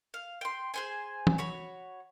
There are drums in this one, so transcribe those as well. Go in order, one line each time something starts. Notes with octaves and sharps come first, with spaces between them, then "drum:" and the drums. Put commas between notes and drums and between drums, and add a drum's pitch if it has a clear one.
F5
G5 C6
G#4 C5 G#5
drum: tom
F#4 C#5 B5